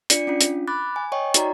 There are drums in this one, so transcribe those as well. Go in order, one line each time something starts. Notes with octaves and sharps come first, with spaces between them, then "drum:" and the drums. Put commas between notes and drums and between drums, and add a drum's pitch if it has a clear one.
D4 F4 D5 C#7, drum: hi-hat
C#4 D4 F4
drum: hi-hat
B5 D6 F#6 A6
G#5
C#5 D#5 G5 C#6
D#4 F#4 D5 A#5, drum: hi-hat